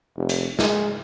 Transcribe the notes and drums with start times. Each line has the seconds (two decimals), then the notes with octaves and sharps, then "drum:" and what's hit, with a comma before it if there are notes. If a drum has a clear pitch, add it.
0.17 F1
0.29 drum: hi-hat
0.59 G#3, drum: snare